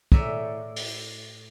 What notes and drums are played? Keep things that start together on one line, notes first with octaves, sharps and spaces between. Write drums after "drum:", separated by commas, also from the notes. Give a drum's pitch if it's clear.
A2 D5 E5 G#5 A#5, drum: kick
drum: open hi-hat